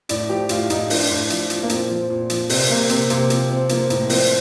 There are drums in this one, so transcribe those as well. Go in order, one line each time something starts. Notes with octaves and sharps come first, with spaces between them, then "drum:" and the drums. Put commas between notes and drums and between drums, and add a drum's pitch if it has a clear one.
A2 D5, drum: hi-hat
F3 G4
A2 F4, drum: hi-hat
A2 D#4, drum: hi-hat
F3 D4, drum: open hi-hat
A2
F3, drum: hi-hat
F3, drum: hi-hat
A#3
A#2 C4, drum: hi-hat
F3
A#2
F3, drum: hi-hat
C3 C4, drum: open hi-hat
C3 A#3
C3 C4, drum: hi-hat
C3 A#3, drum: hi-hat
F3 C4, drum: hi-hat
F3 C4
F3 A#3, drum: hi-hat
A2 A#3, drum: hi-hat
F3 C4, drum: open hi-hat